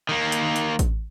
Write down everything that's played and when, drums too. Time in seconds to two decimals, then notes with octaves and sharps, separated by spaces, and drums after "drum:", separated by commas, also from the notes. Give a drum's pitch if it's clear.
0.09 D#3 A#3
0.32 drum: hi-hat
0.56 drum: hi-hat
0.79 drum: kick A1, hi-hat